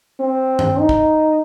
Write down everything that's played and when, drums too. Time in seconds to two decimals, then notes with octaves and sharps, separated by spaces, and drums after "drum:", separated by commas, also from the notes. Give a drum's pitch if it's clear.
0.20 C4
0.59 drum: tom G2
0.80 D#4
0.89 drum: kick